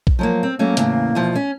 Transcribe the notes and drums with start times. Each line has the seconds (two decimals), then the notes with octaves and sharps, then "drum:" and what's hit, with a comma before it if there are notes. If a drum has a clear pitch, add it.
0.07 drum: kick A#1
0.19 F3 F#3 G#3 A#3
0.43 C4
0.59 F#3 A3 A#3 C#4
0.77 E2 A2 C#3, drum: hi-hat
1.15 E2 B2 F3
1.35 C#4